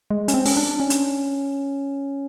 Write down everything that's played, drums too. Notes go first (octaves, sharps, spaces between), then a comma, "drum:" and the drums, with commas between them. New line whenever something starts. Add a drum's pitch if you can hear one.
G#3
C#4, drum: hi-hat
C4
C#4, drum: open hi-hat
D4
C#4
drum: hi-hat